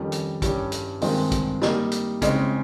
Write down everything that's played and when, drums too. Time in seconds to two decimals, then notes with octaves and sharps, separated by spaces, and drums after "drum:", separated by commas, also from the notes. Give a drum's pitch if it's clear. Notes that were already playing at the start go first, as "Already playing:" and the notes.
Already playing: F2 D#3 G3 C#4
0.12 drum: hi-hat
0.42 G2 G3 C#4 G4 C#5, drum: kick, hi-hat
0.72 drum: hi-hat
1.01 G2 D#3 G#3 C4 F4, drum: open hi-hat
1.32 drum: kick, hi-hat
1.62 G3 A#3 D#4, drum: snare
1.91 drum: hi-hat
2.22 C#3 G#3 C4 D#4, drum: kick, hi-hat